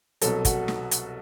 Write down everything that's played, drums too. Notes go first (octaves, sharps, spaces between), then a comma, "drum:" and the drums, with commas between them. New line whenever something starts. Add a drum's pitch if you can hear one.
C2 B2 F#3 A4, drum: hi-hat
F#4, drum: kick, hi-hat
drum: snare
drum: hi-hat